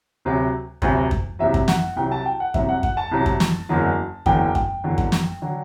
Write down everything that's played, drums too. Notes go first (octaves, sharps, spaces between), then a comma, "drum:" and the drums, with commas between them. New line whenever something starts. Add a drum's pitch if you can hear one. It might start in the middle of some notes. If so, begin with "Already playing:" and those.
D2 C3 F#3
D2 C3 F#3, drum: kick F#2
drum: kick F#2
C2 C3 F#3 E5
drum: kick F#2
F#5, drum: snare
C2 C3 F#3 G5
A5
G5
F#5
C2 C3 F#3 E5, drum: kick F#2
F#5
F#5, drum: kick F#2
A5
C2 C3 F#3
drum: kick F#2
drum: snare
F#1 E2 D3 F#3
F#1 E2 D3 F#3 G5, drum: kick F#2
G5, drum: kick F#2
F#1 E2 D3 F#3
drum: kick F#2
drum: snare
D3 F#3